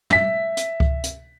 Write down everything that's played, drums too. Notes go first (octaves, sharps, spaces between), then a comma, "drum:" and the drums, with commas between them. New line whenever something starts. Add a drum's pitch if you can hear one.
E5 B6, drum: tom
drum: hi-hat
drum: kick C#2
drum: hi-hat